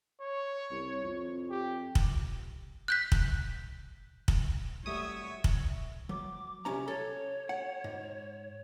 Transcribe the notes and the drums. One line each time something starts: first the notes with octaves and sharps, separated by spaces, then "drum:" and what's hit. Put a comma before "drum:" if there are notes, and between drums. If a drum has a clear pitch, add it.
C#5
C2
F2
G4
drum: kick
F#6 G6 B6
drum: kick
drum: kick
G3 A3 F#4 C#5 E5 D#6
drum: kick
F#3 D6
C2 C#4 G4 A#5
A4 C#5
F#5
G#2